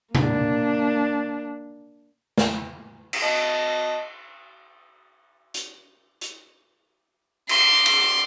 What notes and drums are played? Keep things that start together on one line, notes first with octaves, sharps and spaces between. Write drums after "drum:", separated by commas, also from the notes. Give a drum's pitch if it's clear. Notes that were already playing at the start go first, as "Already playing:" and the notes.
A#3 D4, drum: tom A#2
drum: snare
drum: cymbal
D#5 A5
drum: hi-hat
drum: hi-hat
C6 D6, drum: cymbal
drum: cymbal